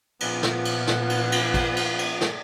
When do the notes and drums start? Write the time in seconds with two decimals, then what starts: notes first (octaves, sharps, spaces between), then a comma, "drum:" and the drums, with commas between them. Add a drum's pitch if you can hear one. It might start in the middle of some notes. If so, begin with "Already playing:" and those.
0.20 A#2 F3 B3, drum: cymbal
0.43 drum: snare
0.65 drum: cymbal
0.87 drum: snare
1.10 drum: cymbal
1.32 drum: cymbal
1.54 drum: kick, cymbal
1.76 drum: cymbal
1.99 drum: cymbal
2.21 drum: snare